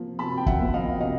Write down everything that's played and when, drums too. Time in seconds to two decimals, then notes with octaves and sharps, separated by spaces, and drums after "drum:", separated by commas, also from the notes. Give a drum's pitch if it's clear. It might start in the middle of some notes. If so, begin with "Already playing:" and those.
Already playing: C3 F3 A#3
0.19 C3 A5 B5
0.37 G5
0.46 E5 F#5, drum: kick
0.59 F3 A#3
0.74 D#5 F5
1.00 C3 D#5 F5